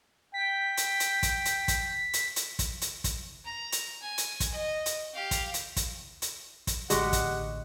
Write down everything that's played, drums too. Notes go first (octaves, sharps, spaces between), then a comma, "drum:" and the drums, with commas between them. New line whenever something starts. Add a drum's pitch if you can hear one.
G5 B6
drum: hi-hat
drum: hi-hat
drum: kick, hi-hat
drum: hi-hat
drum: kick, hi-hat
drum: hi-hat
drum: hi-hat
drum: kick, hi-hat
drum: hi-hat
drum: kick, hi-hat
A#5
drum: hi-hat
G#5
drum: hi-hat
drum: kick, hi-hat
D#5
drum: hi-hat
G4 F5
drum: kick, hi-hat
drum: hi-hat
drum: kick, hi-hat
drum: hi-hat
drum: kick, hi-hat
A1 D3 G#3 F#4 G4 F#5, drum: hi-hat
drum: kick, hi-hat